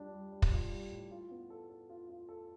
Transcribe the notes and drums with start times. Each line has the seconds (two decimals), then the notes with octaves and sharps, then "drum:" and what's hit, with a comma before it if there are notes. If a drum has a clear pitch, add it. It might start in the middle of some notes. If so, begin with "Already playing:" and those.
Already playing: G3 D4 F4
0.13 G3
0.32 G3
0.42 drum: kick
0.52 F4
0.71 G3
0.91 A2
1.11 F4
1.31 B3
1.50 A4
1.70 A4
1.89 F4
2.09 F4
2.29 A4